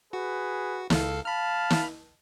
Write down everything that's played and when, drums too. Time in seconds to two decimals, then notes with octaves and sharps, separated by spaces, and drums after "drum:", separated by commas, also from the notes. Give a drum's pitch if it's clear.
0.13 F#4 G#4 B4
0.90 C#2 A4 F5, drum: snare
1.25 F5 A5 B5 F6
1.70 drum: snare